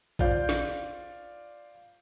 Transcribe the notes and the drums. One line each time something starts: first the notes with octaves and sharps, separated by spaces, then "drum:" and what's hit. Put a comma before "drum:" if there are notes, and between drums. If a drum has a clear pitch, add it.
F4 C5 D5 F5 G6, drum: kick A#1
drum: snare